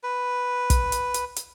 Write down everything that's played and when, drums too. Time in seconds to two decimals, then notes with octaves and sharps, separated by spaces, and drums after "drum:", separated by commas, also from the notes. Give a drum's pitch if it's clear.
0.03 B4
0.70 drum: kick, hi-hat
0.92 drum: hi-hat
1.14 drum: hi-hat
1.36 drum: hi-hat